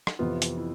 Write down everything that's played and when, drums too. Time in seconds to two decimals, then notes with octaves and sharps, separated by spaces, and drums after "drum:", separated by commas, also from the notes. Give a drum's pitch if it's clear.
0.07 drum: rim click
0.19 F2 C3 E3 B3 F4
0.42 drum: hi-hat
0.57 E4